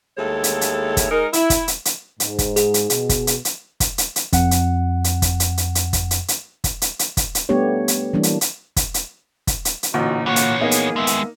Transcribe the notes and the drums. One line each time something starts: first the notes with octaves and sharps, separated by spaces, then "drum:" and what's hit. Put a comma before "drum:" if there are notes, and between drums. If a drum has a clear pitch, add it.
D#2 G#3 A3 E4 A4 C#5
drum: hi-hat
drum: hi-hat
drum: kick, hi-hat
G#3 D#4 A#4
E4, drum: hi-hat
drum: kick, hi-hat
drum: hi-hat
drum: hi-hat
G#2, drum: hi-hat
drum: kick, hi-hat
G#4, drum: hi-hat
drum: hi-hat
B2, drum: hi-hat
drum: kick, hi-hat
drum: hi-hat
drum: hi-hat
drum: kick, hi-hat
drum: hi-hat
drum: hi-hat
F2 F#5, drum: kick, hi-hat
drum: hi-hat
drum: hi-hat
drum: kick, hi-hat
drum: hi-hat
drum: hi-hat
drum: hi-hat
drum: kick, hi-hat
drum: hi-hat
drum: hi-hat
drum: kick, hi-hat
drum: hi-hat
drum: hi-hat
drum: kick, hi-hat
drum: hi-hat
G3 A3 B3 D4 G4 C#5
drum: hi-hat
E3 G3 A#3 D4
drum: hi-hat
drum: hi-hat
drum: kick, hi-hat
drum: hi-hat
drum: kick, hi-hat
drum: hi-hat
drum: hi-hat
A1 D2 A#2 D#4 F#4
E3 A#3 F#4 C#5
drum: hi-hat
A#3 B3 D#4 G#4
drum: hi-hat
D#2 G#3 B3 E5
drum: hi-hat